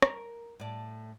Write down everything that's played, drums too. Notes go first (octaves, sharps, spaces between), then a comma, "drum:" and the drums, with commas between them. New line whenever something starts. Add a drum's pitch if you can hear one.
A#4, drum: rim click
A2 D5